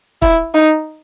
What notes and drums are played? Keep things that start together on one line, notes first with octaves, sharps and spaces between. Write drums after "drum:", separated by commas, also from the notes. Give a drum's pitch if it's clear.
E4, drum: kick
D#4